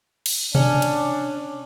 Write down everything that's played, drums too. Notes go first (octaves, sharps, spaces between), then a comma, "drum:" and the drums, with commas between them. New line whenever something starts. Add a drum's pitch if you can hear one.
drum: cymbal
C#4 D4, drum: tom B2
drum: cymbal